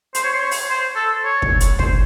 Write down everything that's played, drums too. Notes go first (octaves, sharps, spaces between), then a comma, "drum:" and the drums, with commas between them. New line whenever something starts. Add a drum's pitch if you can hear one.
C5, drum: hi-hat
C#5
C5
C#5
drum: open hi-hat
C5
A4
C#5
drum: kick
drum: hi-hat
C5, drum: kick